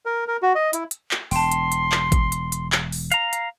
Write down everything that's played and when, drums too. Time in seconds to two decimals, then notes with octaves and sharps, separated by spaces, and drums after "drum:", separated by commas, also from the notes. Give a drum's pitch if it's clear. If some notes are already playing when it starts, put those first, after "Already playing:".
0.06 A#4
0.28 A#4
0.43 F#4
0.55 D#5
0.73 E4, drum: hi-hat
0.91 drum: hi-hat
1.11 drum: clap
1.31 E1 G5 A5 C6, drum: open hi-hat
1.51 drum: hi-hat
1.72 drum: hi-hat
1.92 drum: clap
2.12 drum: kick, hi-hat
2.32 drum: hi-hat
2.52 drum: hi-hat
2.72 drum: clap
2.92 drum: open hi-hat
3.12 F5 A#5, drum: hi-hat
3.33 drum: hi-hat